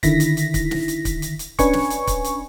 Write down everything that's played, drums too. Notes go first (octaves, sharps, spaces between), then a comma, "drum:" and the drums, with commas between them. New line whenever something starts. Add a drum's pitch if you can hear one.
D3 D#3 E4 A#6 B6, drum: kick C#1, hi-hat
drum: hi-hat
drum: hi-hat
drum: kick C#1, hi-hat
drum: snare
drum: hi-hat
drum: kick C#1, hi-hat
drum: hi-hat
drum: hi-hat
C#4 D4 B4 G#5 C#6, drum: kick C#1, hi-hat
drum: snare
drum: hi-hat
drum: kick C#1, hi-hat
drum: hi-hat